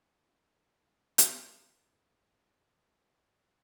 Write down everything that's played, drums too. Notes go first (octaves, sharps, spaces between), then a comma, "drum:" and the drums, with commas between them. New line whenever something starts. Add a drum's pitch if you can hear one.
F3
D#3
F3
drum: hi-hat
F3
G3
G#3
A#3
C4
A#3
G#3